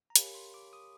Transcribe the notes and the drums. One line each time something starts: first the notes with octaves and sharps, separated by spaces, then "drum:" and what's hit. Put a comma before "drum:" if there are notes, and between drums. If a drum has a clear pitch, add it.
A#5
G4 A#4 C#5 F5 G#5 B5, drum: hi-hat
C6
D6
D#6